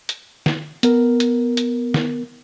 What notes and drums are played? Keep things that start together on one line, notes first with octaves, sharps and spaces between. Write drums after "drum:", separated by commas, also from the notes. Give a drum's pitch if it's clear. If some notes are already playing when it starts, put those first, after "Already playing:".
drum: hi-hat
drum: snare
B3 A#4, drum: hi-hat
drum: hi-hat
drum: hi-hat
drum: snare